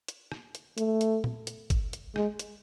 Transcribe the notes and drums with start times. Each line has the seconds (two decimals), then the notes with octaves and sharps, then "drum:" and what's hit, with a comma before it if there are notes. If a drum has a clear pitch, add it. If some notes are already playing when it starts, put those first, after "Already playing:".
0.08 drum: hi-hat
0.32 drum: rim click
0.55 drum: hi-hat
0.78 A3, drum: hi-hat
1.01 drum: hi-hat
1.24 drum: tom A#2
1.47 drum: hi-hat
1.70 drum: kick, hi-hat
1.93 drum: hi-hat
2.16 G#3, drum: rim click
2.39 drum: hi-hat